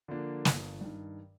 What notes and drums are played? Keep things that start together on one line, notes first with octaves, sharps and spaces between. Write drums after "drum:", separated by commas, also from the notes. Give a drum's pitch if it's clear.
D3 F3 A#3 D4
G1, drum: snare
G2 D#3